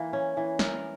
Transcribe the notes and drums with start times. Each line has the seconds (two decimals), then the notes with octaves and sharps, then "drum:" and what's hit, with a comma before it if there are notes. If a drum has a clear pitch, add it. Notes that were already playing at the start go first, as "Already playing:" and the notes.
Already playing: E3 A#3
0.13 C#4
0.37 E3
0.59 A#4, drum: snare